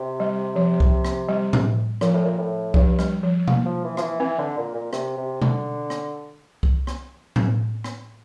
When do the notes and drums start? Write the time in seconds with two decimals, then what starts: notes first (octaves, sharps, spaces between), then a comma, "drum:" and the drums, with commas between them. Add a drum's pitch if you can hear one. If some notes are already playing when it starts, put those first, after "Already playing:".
Already playing: C3
0.20 G3
0.56 F3
0.80 drum: kick C2
1.05 drum: rim click
1.29 G3
1.53 drum: tom A2
2.01 A#2 F3, drum: rim click
2.14 A2
2.25 A#2
2.38 A2
2.74 G2 F3, drum: kick C2
2.99 G3, drum: rim click
3.23 F3
3.48 A#3, drum: tom B2
3.66 F3
3.84 E3
3.97 F3, drum: rim click
4.02 E3
4.20 E3 C4
4.39 D3
4.57 A#2
4.74 A#2
4.93 C3, drum: rim click
5.17 C3
5.42 D3, drum: tom B2
5.90 drum: rim click
6.63 drum: kick C2
6.87 drum: rim click
7.36 drum: tom A2
7.84 drum: rim click